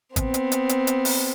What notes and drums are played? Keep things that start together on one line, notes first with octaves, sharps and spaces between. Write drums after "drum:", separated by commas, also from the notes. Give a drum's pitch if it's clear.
B3 C4, drum: kick G#1, hi-hat
drum: hi-hat
drum: hi-hat
drum: hi-hat
drum: hi-hat
drum: open hi-hat